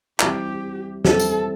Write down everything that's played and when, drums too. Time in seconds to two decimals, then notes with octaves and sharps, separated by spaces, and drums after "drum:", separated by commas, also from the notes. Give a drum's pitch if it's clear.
0.20 E3 G3 C4 E4 G4, drum: clap
1.05 E3 G3 C4 E4 A4, drum: snare
1.20 drum: tambourine